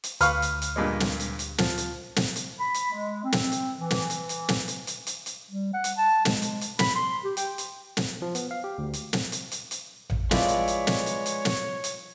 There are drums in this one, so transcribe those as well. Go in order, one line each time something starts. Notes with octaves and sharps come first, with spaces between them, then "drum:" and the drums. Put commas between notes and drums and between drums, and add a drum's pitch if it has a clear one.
drum: hi-hat
D2 B4 F5 C#6 F6, drum: hi-hat
drum: hi-hat
drum: hi-hat
G2 A#2 G#3
drum: snare
drum: hi-hat
drum: hi-hat
F3, drum: snare
drum: hi-hat
drum: snare
drum: hi-hat
B5
drum: hi-hat
G#3
C4
drum: snare
drum: hi-hat
E3
drum: snare
drum: hi-hat
drum: hi-hat
drum: snare
drum: hi-hat
drum: hi-hat
drum: hi-hat
drum: hi-hat
G3
F#5
drum: hi-hat
A5
G#3, drum: snare
drum: hi-hat
drum: hi-hat
B5, drum: snare
C6
G4
G5, drum: hi-hat
drum: hi-hat
drum: snare
F3
B3, drum: hi-hat
F5
G4
D2
drum: hi-hat
drum: snare
drum: hi-hat
drum: hi-hat
drum: hi-hat
drum: tom A1
F3 G#3 E4 B4 C#5 D5, drum: snare
drum: hi-hat
drum: hi-hat
drum: snare
drum: hi-hat
drum: hi-hat
drum: snare
drum: hi-hat